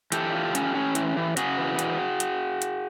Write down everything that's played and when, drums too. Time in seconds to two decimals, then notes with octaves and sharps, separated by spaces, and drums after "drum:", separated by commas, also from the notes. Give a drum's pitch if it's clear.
0.12 E3 G4 A4, drum: hi-hat
0.33 F4
0.55 C#4, drum: hi-hat
0.75 C#4
0.95 E3, drum: hi-hat
1.17 E3
1.37 C#3 F#4 G#4, drum: hi-hat
1.58 E3
1.79 drum: hi-hat
2.20 drum: hi-hat
2.62 drum: hi-hat